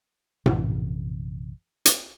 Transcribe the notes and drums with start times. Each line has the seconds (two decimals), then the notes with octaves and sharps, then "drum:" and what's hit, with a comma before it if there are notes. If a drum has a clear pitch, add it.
0.46 A#1 F#2 C3 E3, drum: tom A2
1.85 drum: hi-hat